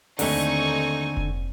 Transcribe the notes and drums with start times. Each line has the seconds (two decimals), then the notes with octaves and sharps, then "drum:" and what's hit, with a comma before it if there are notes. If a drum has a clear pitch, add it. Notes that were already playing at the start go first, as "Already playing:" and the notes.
0.19 D#2 D3 A3 C4 D#4 G#5 C#6, drum: open hi-hat
1.17 drum: kick F1